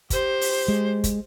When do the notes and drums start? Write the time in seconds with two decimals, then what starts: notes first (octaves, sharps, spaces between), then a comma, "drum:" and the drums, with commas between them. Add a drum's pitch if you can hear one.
0.10 G4 C5, drum: kick, hi-hat
0.41 drum: open hi-hat
0.68 G#3
1.04 drum: kick, hi-hat